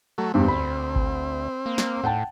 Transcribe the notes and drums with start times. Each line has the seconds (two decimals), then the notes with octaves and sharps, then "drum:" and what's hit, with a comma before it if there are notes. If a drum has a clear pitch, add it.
0.18 F#3 A3
0.34 E2 G2 C4 G4
0.48 D2 B5
0.96 drum: kick G#1
1.66 A#3
1.78 drum: snare
2.04 A2 F#5 G5 A5